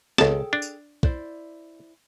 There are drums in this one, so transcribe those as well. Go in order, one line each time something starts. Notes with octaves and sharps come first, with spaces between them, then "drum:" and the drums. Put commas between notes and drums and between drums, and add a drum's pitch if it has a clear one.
C#2 G#4 A4 G5 A5, drum: snare
D4
drum: tambourine
E4 C5 D5, drum: kick